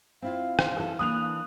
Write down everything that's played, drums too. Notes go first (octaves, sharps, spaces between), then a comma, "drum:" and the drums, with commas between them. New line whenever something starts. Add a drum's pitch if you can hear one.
C4 E4 F4 F5
C5, drum: rim click
E3 G#4 A4
E3 A#3 D4 D#6 F#6 F7